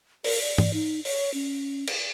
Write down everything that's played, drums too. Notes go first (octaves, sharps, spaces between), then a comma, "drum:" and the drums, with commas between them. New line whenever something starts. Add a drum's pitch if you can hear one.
A#4, drum: open hi-hat
D5
drum: tom G#2
D#4
C#5, drum: open hi-hat
C#4
drum: cymbal